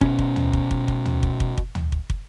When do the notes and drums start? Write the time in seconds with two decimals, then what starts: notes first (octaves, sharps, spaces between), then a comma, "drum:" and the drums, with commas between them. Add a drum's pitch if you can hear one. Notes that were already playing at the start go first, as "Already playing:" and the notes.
0.01 B2 C#4, drum: kick
0.19 drum: kick
0.36 drum: tom
0.53 drum: kick
0.71 drum: kick
0.88 drum: kick
1.06 drum: tom
1.23 drum: kick
1.40 drum: kick
1.58 drum: kick
1.75 drum: tom
1.92 drum: kick
2.10 drum: kick